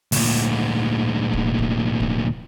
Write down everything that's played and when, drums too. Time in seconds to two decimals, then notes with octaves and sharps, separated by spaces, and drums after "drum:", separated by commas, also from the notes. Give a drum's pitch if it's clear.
0.12 D2 A#2, drum: open hi-hat
1.33 drum: kick
1.59 drum: kick
2.00 drum: kick